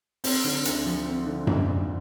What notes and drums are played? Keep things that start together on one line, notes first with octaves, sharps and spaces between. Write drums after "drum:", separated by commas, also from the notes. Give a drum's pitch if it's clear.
C4, drum: open hi-hat
D3
D2, drum: hi-hat
F3
C4
D3
D2, drum: tom F#2
F3